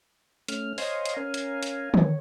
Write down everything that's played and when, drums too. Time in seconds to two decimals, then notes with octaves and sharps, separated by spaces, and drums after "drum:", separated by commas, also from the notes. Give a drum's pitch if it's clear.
0.48 A3 C#4 F6, drum: hi-hat
0.78 C5 C#5 D#5 F5 G#5 C6, drum: open hi-hat
1.05 drum: hi-hat
1.17 C#4 A#4 F5 G#5
1.34 drum: hi-hat
1.63 drum: hi-hat
1.94 C#5, drum: tom